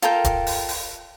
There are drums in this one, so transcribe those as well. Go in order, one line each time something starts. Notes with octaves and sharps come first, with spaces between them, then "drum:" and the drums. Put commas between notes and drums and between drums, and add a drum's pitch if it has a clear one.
F4 A4 A#4 G5, drum: hi-hat
drum: kick D1, hi-hat
drum: open hi-hat
drum: open hi-hat